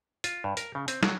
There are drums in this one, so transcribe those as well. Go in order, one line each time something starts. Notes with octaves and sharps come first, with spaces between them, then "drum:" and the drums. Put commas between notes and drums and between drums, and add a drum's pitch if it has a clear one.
F4, drum: hi-hat
G2
A#4, drum: hi-hat
C#3
C4, drum: hi-hat
F#3, drum: snare